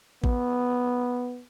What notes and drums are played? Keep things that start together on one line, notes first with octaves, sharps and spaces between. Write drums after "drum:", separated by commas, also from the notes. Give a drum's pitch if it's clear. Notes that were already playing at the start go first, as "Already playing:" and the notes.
B3, drum: kick A1